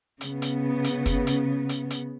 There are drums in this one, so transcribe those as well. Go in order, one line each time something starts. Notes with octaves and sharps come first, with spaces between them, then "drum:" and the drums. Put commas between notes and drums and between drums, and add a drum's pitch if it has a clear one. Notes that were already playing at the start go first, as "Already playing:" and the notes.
C#3 B3, drum: hi-hat
drum: hi-hat
drum: hi-hat
drum: kick, hi-hat
drum: hi-hat
drum: hi-hat
drum: hi-hat